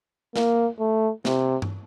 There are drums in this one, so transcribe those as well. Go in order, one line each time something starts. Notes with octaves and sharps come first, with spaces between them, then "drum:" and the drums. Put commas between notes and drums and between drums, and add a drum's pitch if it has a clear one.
A#3, drum: snare
A3
C3, drum: snare
drum: tom G2